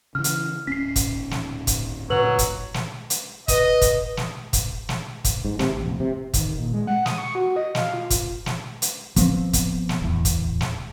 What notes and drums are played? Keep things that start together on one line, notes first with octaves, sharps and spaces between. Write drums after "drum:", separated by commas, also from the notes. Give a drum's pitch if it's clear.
C#3 E3 F6
drum: hi-hat
D1 C#4 B6 C7
drum: kick, hi-hat
drum: snare
drum: kick, hi-hat
F#2 A#2 D3 F#3 B4 F#7
drum: kick, hi-hat
drum: snare
drum: hi-hat
B4 D#5, drum: kick, hi-hat
drum: kick, hi-hat
drum: snare
drum: kick, hi-hat
drum: snare
drum: kick, hi-hat
G#2
C3, drum: snare
A1
F1
C3
D#3, drum: kick, hi-hat
A#2
G#3
F#5
D#6, drum: snare
C#6
F#4
D#5
F5, drum: snare
F4
drum: kick, hi-hat
drum: snare
drum: hi-hat
F3 B3 C4, drum: kick, hi-hat
drum: kick, hi-hat
drum: snare
D1 E2
drum: kick, hi-hat
drum: snare